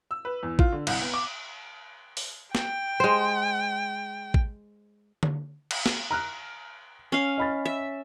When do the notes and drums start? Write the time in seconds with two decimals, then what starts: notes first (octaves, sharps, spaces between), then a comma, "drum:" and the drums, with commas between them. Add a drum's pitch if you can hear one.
0.11 E6
0.25 B4
0.43 E2
0.59 F4, drum: kick A1
0.72 D3
0.87 C2, drum: cymbal
1.01 B3
1.14 D6
2.17 drum: open hi-hat
2.55 G5, drum: snare
3.00 G#3 C5
4.34 drum: kick A1
5.23 drum: tom D3
5.71 drum: cymbal
5.86 drum: snare
6.11 A#5 F6 F#6
7.12 C#4 F5
7.38 D#5 B5 A6
7.66 E5